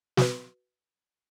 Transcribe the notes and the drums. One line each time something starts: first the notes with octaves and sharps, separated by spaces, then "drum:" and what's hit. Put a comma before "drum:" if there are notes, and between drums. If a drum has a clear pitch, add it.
F#4 B4, drum: snare